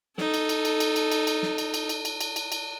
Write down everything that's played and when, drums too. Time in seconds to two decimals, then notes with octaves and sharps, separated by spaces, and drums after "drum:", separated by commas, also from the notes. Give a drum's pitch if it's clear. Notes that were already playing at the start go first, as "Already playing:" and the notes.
0.18 D#4 A4, drum: snare
0.34 drum: cymbal
0.49 drum: cymbal
0.65 drum: cymbal
0.80 drum: cymbal
0.96 drum: cymbal
1.12 drum: cymbal
1.27 drum: cymbal
1.43 drum: snare
1.58 drum: cymbal
1.74 drum: cymbal
1.89 drum: cymbal
2.05 drum: cymbal
2.21 drum: cymbal
2.36 drum: cymbal
2.52 drum: cymbal